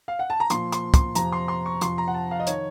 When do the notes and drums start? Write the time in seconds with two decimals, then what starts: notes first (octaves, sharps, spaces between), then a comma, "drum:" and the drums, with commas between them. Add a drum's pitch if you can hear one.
0.08 F5
0.19 F#5
0.30 A5
0.40 A#5
0.50 A#2 F3 C6, drum: hi-hat
0.72 C6, drum: hi-hat
0.94 C6, drum: kick, hi-hat
1.15 F2 C3 F3 A#5, drum: hi-hat
1.32 C6
1.48 C6
1.66 C#6
1.81 F2 C3 F3 C6, drum: hi-hat
1.98 A#5
2.08 F#5
2.14 A5
2.31 F5
2.40 D#5
2.47 D#3 C#5, drum: hi-hat